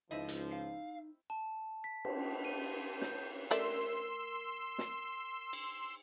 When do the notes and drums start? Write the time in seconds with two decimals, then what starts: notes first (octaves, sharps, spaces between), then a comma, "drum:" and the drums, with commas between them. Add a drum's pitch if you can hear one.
0.11 C#2 F3 C4 D#4 E4 D#5
0.29 drum: hi-hat
0.53 F5
1.30 A5
1.84 B6
2.05 drum: cymbal
2.45 D#7
3.02 G6, drum: snare
3.51 A3 A#4 D5 E5 C6 E6
4.78 drum: snare
5.53 drum: cymbal